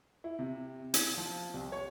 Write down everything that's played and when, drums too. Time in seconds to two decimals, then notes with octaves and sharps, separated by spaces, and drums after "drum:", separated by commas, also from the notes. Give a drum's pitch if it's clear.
0.24 E4
0.39 C3
0.94 G#6, drum: hi-hat
1.18 F3
1.54 C2
1.72 C#5